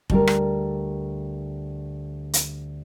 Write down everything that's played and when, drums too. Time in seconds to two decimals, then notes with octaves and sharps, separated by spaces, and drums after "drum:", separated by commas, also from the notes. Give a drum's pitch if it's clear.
0.10 D2 G3 A#4, drum: kick F1
0.27 drum: rim click
2.33 drum: hi-hat